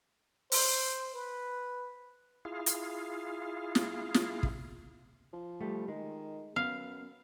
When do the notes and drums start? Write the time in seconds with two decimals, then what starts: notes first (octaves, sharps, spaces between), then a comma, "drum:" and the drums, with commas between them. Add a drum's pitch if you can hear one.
0.52 C5, drum: open hi-hat
1.14 B4
2.45 E4 F4 G#4 F5
2.66 drum: hi-hat
3.75 drum: snare
4.14 drum: snare
4.43 drum: kick
5.33 F3
5.60 G3 A3
5.88 D#3 G#3
6.56 F#2 B3 F5